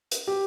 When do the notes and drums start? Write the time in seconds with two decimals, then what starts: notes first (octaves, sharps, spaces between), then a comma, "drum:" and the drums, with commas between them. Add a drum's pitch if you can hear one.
0.11 drum: hi-hat
0.28 G4